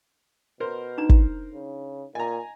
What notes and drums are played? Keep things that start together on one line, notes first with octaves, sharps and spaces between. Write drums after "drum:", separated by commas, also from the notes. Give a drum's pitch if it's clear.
B2 A#4 C5
D4 D#4 A#5
drum: kick
C#3
A#2 D#5 G#5 A#5